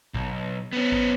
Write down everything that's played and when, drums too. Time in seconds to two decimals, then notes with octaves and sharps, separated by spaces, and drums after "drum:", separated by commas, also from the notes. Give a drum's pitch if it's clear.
0.14 B1, drum: kick G#1
0.73 B3 C#4
0.92 drum: kick G#1